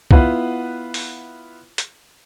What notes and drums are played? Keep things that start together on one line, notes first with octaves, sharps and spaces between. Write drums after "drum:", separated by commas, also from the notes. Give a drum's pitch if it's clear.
B3 E4 F4 B4, drum: kick C2
drum: open hi-hat
drum: hi-hat